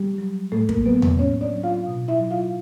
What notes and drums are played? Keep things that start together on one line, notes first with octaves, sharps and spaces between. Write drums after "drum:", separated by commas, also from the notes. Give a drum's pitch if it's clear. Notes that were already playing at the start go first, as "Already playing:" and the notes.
Already playing: G3 G4
F#3
A2 A3 A4
A#3 A#4, drum: kick
F#3 B3 B4
drum: tom E2
A2 C#4 C#5
D4 D5
F#3
F4 F5
B2
E4 E5
F#3
F4 F5